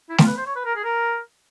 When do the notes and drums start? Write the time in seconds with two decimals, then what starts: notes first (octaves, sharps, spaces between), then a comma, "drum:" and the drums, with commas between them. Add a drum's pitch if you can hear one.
0.09 E4
0.18 F4, drum: snare A3
0.27 B4
0.37 C5
0.46 C#5
0.56 B4
0.65 A#4
0.75 G#4
0.84 A#4